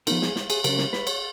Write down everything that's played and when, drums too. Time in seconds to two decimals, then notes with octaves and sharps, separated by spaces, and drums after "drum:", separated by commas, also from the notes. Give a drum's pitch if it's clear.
0.07 F3 B3 D#4 A#4, drum: cymbal
0.22 G#4, drum: snare
0.36 drum: snare
0.50 G#4, drum: cymbal
0.64 C#3 F#3 C#4 A#4, drum: cymbal
0.78 drum: snare
0.93 B4, drum: snare
1.07 C#5, drum: cymbal